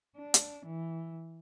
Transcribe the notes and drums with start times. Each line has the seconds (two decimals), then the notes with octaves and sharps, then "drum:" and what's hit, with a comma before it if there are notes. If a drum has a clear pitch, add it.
0.16 D4
0.34 drum: hi-hat
0.65 E3